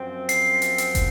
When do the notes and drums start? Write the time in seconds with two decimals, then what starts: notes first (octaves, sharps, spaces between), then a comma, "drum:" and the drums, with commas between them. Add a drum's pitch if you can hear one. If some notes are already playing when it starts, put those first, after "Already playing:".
Already playing: F#2 F3 C4
0.29 C7, drum: hi-hat
0.62 drum: hi-hat
0.78 drum: hi-hat
0.95 drum: kick, hi-hat